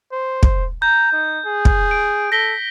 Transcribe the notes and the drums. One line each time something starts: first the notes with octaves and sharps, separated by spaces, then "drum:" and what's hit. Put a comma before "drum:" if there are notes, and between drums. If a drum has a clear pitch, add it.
C5
drum: kick
A#5 G6
D#4
G#4
drum: kick
D7
A4 A#6 B6 G7